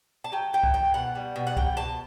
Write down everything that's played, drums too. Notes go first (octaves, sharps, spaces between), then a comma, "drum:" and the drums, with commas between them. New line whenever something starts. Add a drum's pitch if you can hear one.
A5
F#3 G5
A3 G5
drum: kick C2
D#3 G5
B2 F#5
G3
B2
F#5
B2 G5, drum: kick C2
B2 A5